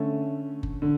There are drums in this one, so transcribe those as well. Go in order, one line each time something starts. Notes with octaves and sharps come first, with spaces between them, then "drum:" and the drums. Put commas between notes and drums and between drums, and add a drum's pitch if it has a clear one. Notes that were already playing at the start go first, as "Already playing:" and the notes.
Already playing: D3 A3 C#4
drum: kick F#1
D3